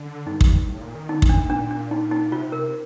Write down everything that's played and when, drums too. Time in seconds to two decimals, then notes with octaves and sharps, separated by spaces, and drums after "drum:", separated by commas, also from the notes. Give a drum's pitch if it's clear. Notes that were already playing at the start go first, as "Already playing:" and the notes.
Already playing: D3
0.26 G2 D#4
0.41 drum: kick
0.68 A2
0.81 A#2
0.95 D#3
1.09 D3 D#4
1.22 A#2, drum: kick
1.29 D4
1.36 A2
1.50 A#2 D4
1.71 D4
1.91 D#4
2.11 D#4
2.32 C3 F4
2.52 A#4